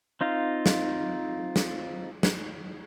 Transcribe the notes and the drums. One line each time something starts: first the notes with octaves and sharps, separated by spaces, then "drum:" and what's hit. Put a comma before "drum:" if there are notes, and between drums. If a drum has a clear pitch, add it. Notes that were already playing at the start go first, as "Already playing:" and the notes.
C4 D#4 F4 F5
drum: snare
drum: snare
drum: snare